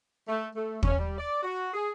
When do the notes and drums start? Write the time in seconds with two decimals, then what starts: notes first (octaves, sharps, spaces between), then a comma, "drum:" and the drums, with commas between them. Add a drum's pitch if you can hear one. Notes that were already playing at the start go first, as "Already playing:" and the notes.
0.28 A3
0.55 A3
0.83 C#4, drum: kick
0.99 G3
1.19 D5
1.43 F#4
1.74 G#4